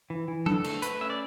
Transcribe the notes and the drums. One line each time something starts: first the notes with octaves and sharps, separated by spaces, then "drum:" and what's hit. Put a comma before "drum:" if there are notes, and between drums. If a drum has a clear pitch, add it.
E3
E3
D3 A4, drum: tom F#3
A3, drum: cymbal
A3 B4, drum: hi-hat
C#4 E5
D5